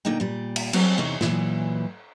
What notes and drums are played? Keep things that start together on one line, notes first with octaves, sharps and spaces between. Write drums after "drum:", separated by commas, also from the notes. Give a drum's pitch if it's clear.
A#2 D3 A#3 D#4 D#5 G5
A#2 G3
drum: cymbal
F#3 C4 F#4 G#4 C#5 D5, drum: cymbal
E2 C3 D#4 C#5
A#2 E3 F#3, drum: snare